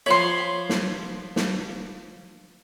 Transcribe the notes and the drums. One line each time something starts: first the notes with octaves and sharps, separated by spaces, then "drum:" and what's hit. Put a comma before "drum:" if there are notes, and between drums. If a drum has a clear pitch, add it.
F3 C#5 B5 C6
drum: snare
drum: snare